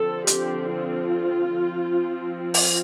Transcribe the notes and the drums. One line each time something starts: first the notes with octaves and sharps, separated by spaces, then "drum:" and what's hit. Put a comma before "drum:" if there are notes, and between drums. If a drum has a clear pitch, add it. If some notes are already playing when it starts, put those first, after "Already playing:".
Already playing: D3 F3 C4 A4
G4, drum: hi-hat
F4
F3 C4
F4
drum: open hi-hat